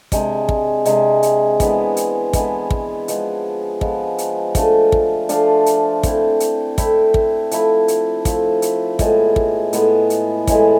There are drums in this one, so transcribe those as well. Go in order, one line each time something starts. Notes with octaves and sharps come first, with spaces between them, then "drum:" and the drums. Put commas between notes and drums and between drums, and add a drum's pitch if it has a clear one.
C3 G#3 D4, drum: kick, hi-hat
drum: kick
C3 G#3 D4, drum: hi-hat
drum: hi-hat
E3 G#3 B3 D4, drum: kick, hi-hat
drum: hi-hat
E3 G#3 B3 D4, drum: kick, hi-hat
drum: kick
F3 G#3 B3, drum: hi-hat
F3 G#3 B3, drum: kick
drum: hi-hat
F3 A3 D4 F4, drum: kick, hi-hat
drum: kick
F3 A3 D4 F4, drum: hi-hat
drum: hi-hat
A3 C4 E4, drum: kick, hi-hat
drum: hi-hat
A3 C4 E4, drum: kick, hi-hat
drum: kick
F3 A3 E4, drum: hi-hat
drum: hi-hat
F3 A3 E4, drum: kick, hi-hat
drum: hi-hat
A2 G#3 B3, drum: kick, hi-hat
drum: kick
A2 G#3 B3, drum: hi-hat
drum: hi-hat
A2 E3 G#3, drum: kick, hi-hat